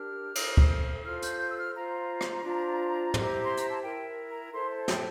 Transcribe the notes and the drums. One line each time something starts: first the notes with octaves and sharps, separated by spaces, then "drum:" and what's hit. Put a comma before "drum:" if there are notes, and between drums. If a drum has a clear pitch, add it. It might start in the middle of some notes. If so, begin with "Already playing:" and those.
Already playing: D4 G4 A#4 F6
E4 A4 C5, drum: cymbal
drum: kick
F4 A4 C5 F6
G6, drum: hi-hat
G6
E6
F6
F4 C5 A#5
drum: rim click
D4 F4 C5
E4 G4 C5, drum: tom
C6
A#5, drum: hi-hat
A5
E4 A#4 G5
A#5
E4 A4 C5 C6
A5
G5, drum: snare